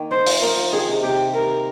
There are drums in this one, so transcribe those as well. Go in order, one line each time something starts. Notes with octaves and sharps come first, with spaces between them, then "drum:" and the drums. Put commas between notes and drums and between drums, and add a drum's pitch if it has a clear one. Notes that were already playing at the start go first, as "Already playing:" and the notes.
Already playing: D#3 A#3
C5
F3, drum: open hi-hat
F3 A#4
F3
D#3 G#4
C3
C3 G4
A#4